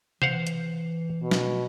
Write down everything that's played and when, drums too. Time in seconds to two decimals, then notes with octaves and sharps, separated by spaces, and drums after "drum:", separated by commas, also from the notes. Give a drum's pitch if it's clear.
0.22 E3 C5 F5 F#5, drum: tom C3
0.47 drum: hi-hat
1.22 B2
1.31 drum: snare